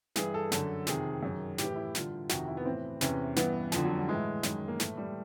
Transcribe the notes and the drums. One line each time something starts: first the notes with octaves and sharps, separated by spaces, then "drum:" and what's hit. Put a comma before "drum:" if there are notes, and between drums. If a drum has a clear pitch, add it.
G2 E3 G#4, drum: snare
A4
F#2 D3, drum: snare
F2 C3 D#3 G#4, drum: snare
F#2 D#3
A2 E3 G4, drum: snare
E4
G2 D3 F4, drum: snare
F2 C3 D#3 F#4, drum: snare
E4
B3
A2 E3 C4
E2 C3 E3 C#4, drum: snare
G2 E3 B3, drum: snare
F2 D3 F3, drum: snare
F#3
G3
A2 E3 G#3
F#2 D#3, drum: snare
A#3
A2 E3 A3, drum: snare
G3